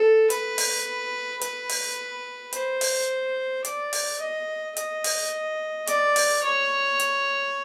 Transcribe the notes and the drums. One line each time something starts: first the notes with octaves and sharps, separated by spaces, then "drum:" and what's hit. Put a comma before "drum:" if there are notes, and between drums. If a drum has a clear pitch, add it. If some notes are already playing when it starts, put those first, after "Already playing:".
Already playing: A4
B4, drum: hi-hat
drum: open hi-hat
B4, drum: hi-hat
drum: open hi-hat
C5, drum: hi-hat
drum: open hi-hat
D5, drum: hi-hat
drum: open hi-hat
D#5
D#5, drum: hi-hat
drum: open hi-hat
D5, drum: hi-hat
drum: open hi-hat
C#5
drum: hi-hat